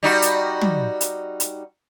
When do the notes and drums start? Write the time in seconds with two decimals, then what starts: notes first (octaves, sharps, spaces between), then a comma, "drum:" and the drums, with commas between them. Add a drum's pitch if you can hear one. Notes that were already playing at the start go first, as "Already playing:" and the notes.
0.03 G3 D#4 F#4
0.22 drum: hi-hat
0.61 drum: tom
1.01 drum: hi-hat
1.40 drum: hi-hat